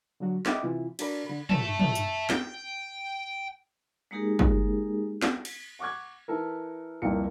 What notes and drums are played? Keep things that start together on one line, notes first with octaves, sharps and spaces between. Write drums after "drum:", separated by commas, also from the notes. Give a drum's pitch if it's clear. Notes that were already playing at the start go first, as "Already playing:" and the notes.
D3 F#3 F#4
D#5 E5 G5 B5 C6 D6, drum: snare
C3 E3 E4 F4
D4 F#4 A4 A#4 D5 B5, drum: cymbal
D3 B5
E5 A5, drum: tom
drum: tom
drum: hi-hat
G5, drum: snare
G#3 A#3 D#4 G4 G#4 A#4
drum: kick G1
drum: snare
drum: cymbal
F#5 C#6 D6 F#6 G#6
E3 A4 A#4
C2 F2 E3 A#3 F5 C#7